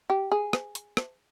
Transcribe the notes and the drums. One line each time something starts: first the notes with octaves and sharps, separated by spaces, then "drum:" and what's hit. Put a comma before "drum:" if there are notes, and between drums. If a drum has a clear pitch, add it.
G4
G#4
drum: rim click
drum: hi-hat
drum: rim click